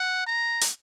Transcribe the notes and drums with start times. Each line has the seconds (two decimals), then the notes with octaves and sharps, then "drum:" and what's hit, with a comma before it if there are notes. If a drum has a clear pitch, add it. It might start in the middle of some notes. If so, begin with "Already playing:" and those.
Already playing: F#5
0.27 A#5
0.61 drum: hi-hat